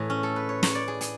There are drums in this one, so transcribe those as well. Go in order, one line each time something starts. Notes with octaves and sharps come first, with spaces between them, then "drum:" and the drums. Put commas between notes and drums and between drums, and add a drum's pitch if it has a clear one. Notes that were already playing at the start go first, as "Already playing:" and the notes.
Already playing: A2 E3 G#4
C#4
A4
B4
C#5
C#5, drum: snare
D5
G#4
G#4, drum: hi-hat